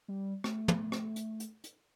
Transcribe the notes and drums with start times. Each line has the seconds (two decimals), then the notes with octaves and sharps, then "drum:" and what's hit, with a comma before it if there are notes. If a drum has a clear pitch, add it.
0.08 G3
0.44 A3, drum: rim click
0.68 drum: tom
0.92 drum: rim click
1.16 drum: hi-hat
1.40 drum: hi-hat
1.64 drum: hi-hat